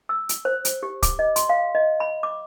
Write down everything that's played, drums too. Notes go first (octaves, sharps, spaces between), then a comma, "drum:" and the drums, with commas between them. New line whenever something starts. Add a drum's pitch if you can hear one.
E6
drum: hi-hat
C5
drum: hi-hat
G4
D6, drum: kick C#1, hi-hat
D#5
C6, drum: hi-hat
F5
D#5
B5
D6